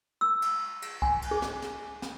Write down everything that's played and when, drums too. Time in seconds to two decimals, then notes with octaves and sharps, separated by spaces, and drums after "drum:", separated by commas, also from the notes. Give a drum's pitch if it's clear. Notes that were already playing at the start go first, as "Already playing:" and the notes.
0.21 E6
0.42 drum: cymbal
0.82 drum: cymbal
1.02 G#5, drum: kick C2
1.22 drum: cymbal
1.31 G#4
1.42 drum: snare
1.62 drum: snare
2.02 drum: snare